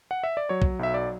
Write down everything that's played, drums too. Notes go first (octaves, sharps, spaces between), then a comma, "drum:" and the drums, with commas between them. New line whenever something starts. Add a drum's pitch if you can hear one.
F#5
E5
D5
F#3 C#5
drum: kick
B1 E5
D5